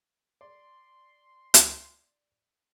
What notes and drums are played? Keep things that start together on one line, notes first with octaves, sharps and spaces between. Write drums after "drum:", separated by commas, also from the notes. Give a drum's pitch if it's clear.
D5 C6
drum: hi-hat